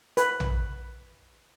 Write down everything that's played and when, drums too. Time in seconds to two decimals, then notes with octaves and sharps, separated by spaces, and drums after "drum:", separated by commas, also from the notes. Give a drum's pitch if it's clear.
0.17 B4, drum: hi-hat
0.40 drum: tom A#1